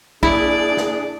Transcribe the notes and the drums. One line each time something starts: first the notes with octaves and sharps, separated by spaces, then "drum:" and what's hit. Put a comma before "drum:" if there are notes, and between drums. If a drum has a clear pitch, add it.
A#3 D4 E4 G#4 D5, drum: kick
drum: snare